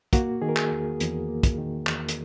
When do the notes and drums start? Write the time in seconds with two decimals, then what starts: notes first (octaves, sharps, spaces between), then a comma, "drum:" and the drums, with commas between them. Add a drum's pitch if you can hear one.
0.13 A#3 F#4, drum: kick, hi-hat
0.42 D#3 G#4
0.49 A#4
0.56 G#4, drum: clap
0.72 E2
1.00 E2, drum: hi-hat
1.28 A#3
1.43 drum: kick, hi-hat
1.58 D#3
1.87 E2, drum: clap
2.09 drum: hi-hat